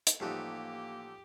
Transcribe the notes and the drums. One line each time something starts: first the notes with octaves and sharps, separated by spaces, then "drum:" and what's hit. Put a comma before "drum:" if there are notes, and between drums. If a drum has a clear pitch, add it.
drum: hi-hat
A1 F3 G3 A3 A#3 D#4 F#4 G4